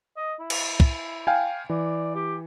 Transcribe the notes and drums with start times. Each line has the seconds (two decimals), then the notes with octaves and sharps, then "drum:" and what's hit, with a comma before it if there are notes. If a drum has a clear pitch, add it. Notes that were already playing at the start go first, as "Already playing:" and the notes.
0.17 D#5
0.40 E4
0.50 drum: cymbal
0.80 drum: kick
1.27 F5 G5 G#5
1.70 E3 D5
2.15 G4